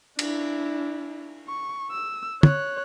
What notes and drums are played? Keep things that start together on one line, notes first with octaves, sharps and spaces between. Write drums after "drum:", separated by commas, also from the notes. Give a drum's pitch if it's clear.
D4 E4, drum: cymbal
C#6
E6
C#5 F#6, drum: tom